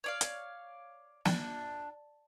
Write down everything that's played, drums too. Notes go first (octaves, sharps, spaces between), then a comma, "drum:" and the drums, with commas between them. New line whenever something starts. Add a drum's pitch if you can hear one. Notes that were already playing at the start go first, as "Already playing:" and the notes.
C#5 D5 F5
drum: hi-hat
D4, drum: snare